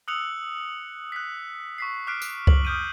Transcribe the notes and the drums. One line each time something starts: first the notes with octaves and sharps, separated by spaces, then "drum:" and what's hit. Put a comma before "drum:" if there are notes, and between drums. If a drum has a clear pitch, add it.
D#6 E6 F#6 C#7 F7 F#7
F#6 B6
C#6 B6 C7
D6 F6 F#6 B6 C7 D7
drum: tambourine
F#7, drum: kick C#2
D#6 F6 G6 D7 D#7